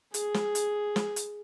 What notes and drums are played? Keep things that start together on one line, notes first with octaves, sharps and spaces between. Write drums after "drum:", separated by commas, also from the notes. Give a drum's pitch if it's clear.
G#4, drum: hi-hat
drum: snare
drum: hi-hat
drum: snare
drum: hi-hat